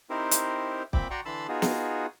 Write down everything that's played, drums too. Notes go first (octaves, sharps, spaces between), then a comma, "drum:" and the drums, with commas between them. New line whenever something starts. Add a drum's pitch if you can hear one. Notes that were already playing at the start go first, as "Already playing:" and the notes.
C4 D#4 E4 G4 A#4 C5
drum: hi-hat
A#2 C4 E5 G5 B5 D6, drum: kick
F#4 D5 G5 A#5 C6 C#6
D3 E3 A5 B5 C6 E6
B3 D#4 F4 F#4 G#4
drum: snare